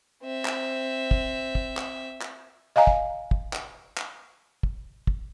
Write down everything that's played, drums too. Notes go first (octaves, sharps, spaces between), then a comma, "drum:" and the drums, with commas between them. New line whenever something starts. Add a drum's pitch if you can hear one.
C4 E5
drum: clap
drum: kick
drum: kick
drum: clap
drum: clap
D#5 F5 G#5 A#5
drum: kick
drum: kick
drum: clap
drum: clap
drum: kick
drum: kick